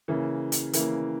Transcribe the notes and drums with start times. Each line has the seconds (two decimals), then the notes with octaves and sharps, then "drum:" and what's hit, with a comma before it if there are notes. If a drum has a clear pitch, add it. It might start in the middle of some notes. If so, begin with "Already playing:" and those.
0.08 C#3 E3 A#3
0.52 drum: hi-hat
0.73 C#3 E3 A#3, drum: hi-hat